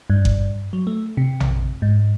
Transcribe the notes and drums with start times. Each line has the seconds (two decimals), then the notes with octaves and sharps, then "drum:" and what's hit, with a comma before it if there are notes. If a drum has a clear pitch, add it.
0.10 G2
0.25 drum: kick G1
0.73 F#3
0.87 A3
1.17 C3
1.40 drum: tom A#1
1.82 G#2